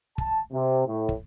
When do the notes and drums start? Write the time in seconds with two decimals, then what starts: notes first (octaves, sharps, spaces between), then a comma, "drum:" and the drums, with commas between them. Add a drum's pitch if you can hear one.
0.18 A5, drum: kick
0.52 C3
0.87 A2
1.09 drum: kick